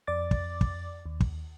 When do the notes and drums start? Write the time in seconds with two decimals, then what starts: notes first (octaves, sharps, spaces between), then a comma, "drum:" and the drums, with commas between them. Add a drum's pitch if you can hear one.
0.07 F2 D5 D6 A6
0.31 drum: kick
0.61 drum: kick
1.06 D#2
1.20 drum: kick